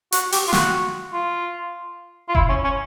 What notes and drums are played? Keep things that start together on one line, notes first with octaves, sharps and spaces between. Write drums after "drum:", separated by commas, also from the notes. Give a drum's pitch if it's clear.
F#4, drum: hi-hat
G4, drum: open hi-hat
F4
F#4, drum: snare
F4
F4
E4, drum: kick F1
C#4
C#4